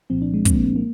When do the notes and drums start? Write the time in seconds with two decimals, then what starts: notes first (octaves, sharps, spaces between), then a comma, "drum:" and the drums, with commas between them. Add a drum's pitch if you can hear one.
0.10 C2 A#2 F3 C4
0.22 D4
0.34 G#3
0.45 C2 A#2 F3 C4, drum: kick, hi-hat
0.55 A#3
0.66 G#3
0.76 A#3